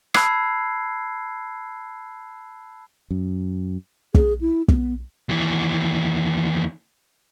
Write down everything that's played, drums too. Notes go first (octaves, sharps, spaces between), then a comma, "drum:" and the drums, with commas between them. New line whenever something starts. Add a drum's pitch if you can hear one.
A5 B5 E6 F#6 G#6 C7, drum: rim click
F#2
G#4, drum: kick
E4
B3, drum: kick
D#2 E3